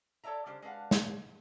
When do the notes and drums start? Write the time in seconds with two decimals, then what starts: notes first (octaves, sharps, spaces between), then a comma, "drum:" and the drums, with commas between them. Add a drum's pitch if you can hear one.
0.24 A4 C#5 D5 E5 A#5
0.46 C#3 G3 D4 G4 C5
0.62 G#3 D4 B4 F5 F#5
0.91 drum: snare